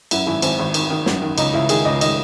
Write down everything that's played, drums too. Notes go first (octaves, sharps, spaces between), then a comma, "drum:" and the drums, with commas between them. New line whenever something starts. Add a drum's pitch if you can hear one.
F#2 E4, drum: cymbal
G#1 E4
G#1 C4, drum: cymbal
G#1
D#3, drum: cymbal
D#3
F#2, drum: snare
D#3
C#2 D#4, drum: cymbal
C#2 E4
D#3 G#4, drum: cymbal
C#2 D#5
D#3 D#5, drum: cymbal